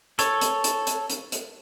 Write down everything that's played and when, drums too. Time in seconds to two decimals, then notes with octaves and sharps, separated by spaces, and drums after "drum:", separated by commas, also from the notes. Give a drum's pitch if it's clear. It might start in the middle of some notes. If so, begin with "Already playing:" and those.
0.19 A4 C#5, drum: hi-hat
0.41 drum: hi-hat
0.64 drum: hi-hat
0.87 drum: hi-hat
1.10 drum: hi-hat
1.32 drum: hi-hat